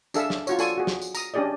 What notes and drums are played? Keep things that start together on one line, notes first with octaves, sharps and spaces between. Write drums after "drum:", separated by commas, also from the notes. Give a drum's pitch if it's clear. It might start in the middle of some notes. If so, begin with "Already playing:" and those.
D4 G#4 A4 E5 F5, drum: tambourine
drum: snare
F4 F#4 C#5, drum: tambourine
F4 A4 D5 G#5 C#6, drum: tambourine
F#4 G#4
drum: snare
drum: tambourine
A#5 D#6, drum: tambourine
C#4 D4 G4 G#4 D5 D#5